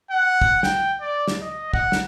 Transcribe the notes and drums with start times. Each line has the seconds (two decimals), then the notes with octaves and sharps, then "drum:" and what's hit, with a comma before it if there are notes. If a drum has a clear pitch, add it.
0.11 F#5
0.42 drum: kick
0.63 G5, drum: snare
1.01 D5
1.28 drum: snare
1.42 D#5
1.74 F#5, drum: kick
1.92 drum: snare